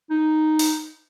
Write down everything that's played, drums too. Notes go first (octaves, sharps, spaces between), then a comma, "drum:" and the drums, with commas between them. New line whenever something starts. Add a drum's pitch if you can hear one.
D#4
drum: open hi-hat